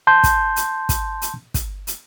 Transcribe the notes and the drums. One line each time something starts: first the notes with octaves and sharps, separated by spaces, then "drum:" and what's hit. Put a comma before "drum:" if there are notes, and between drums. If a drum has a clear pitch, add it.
A5 C6 G6
drum: kick, hi-hat
drum: hi-hat
drum: kick, hi-hat
drum: hi-hat
drum: kick, hi-hat
drum: hi-hat